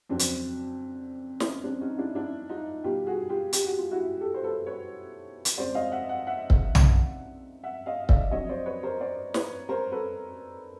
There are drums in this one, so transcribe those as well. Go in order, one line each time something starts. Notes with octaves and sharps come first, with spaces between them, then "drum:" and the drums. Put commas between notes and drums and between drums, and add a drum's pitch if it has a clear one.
F2 C#3 F#3 C4 D4
drum: hi-hat
C4, drum: snare
C#4
C4 D4
C#4 D#4
D4 E4
D4 E4
D#4 F4
B2 G3 F4 G4
F#4 G#4
F4 G4
G4, drum: hi-hat
F#4
F4
E4 F#4
G4 A4
C5
A4 B4
B4 C#5
drum: hi-hat
F2 C#3 F3 G#3 C5 D5
D#5 F5
E5 F#5
F#5
E5 F#5
drum: kick C#1
drum: tom
E5 F#5
D#5 F5
F5
D5 E5, drum: kick C#1
F2 D3 F#3 C#5 D#5
C5 D5
B4 C#5
A#4 C5
C5 D5
B4 C#5, drum: snare
A#4 C5
A4 B4